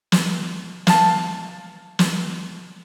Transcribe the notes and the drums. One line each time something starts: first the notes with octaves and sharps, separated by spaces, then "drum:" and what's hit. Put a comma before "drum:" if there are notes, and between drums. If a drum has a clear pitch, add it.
drum: snare
F5 A5, drum: snare
drum: snare